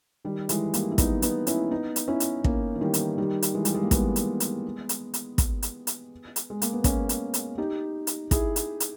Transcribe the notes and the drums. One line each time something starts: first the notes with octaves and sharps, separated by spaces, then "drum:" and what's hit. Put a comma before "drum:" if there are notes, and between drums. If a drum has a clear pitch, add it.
D#3 G3
E3 G#3, drum: hi-hat
G3 A#3, drum: hi-hat
E4
B3 D#4, drum: kick, hi-hat
B3 D#4, drum: hi-hat
C#4 E4, drum: hi-hat
B3 D#4
drum: hi-hat
C#4 E4
drum: hi-hat
A#3 C#4, drum: kick
E3
D#3 G3
drum: hi-hat
D#3 G3
drum: hi-hat
E3 G#3
G3, drum: hi-hat
G#3
A#3
G#3 B3, drum: kick, hi-hat
drum: hi-hat
drum: hi-hat
drum: hi-hat
drum: hi-hat
drum: kick, hi-hat
drum: hi-hat
drum: hi-hat
drum: hi-hat
G#3
A#3, drum: hi-hat
B3
A#3 C#4, drum: kick, hi-hat
drum: hi-hat
drum: hi-hat
D#4 G4
drum: hi-hat
E4 G#4, drum: kick, hi-hat
drum: hi-hat
drum: hi-hat